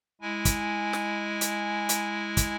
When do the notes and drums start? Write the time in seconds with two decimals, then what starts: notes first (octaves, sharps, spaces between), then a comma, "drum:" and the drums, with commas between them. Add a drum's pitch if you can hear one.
0.21 G#3 E4 G#5
0.45 drum: kick, hi-hat
0.93 drum: snare
1.41 drum: hi-hat
1.89 drum: hi-hat
2.37 drum: kick, hi-hat